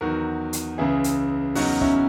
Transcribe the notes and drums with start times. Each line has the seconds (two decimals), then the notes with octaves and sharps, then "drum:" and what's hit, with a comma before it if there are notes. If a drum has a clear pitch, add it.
0.01 E2 D#3 F#3 F#4 A#4
0.53 drum: hi-hat
0.78 C#2 C#3 E3 E4 G#4
1.04 drum: hi-hat
1.55 E2 C#3 F#3 D#4 F#4, drum: open hi-hat
1.81 C#4 E4, drum: kick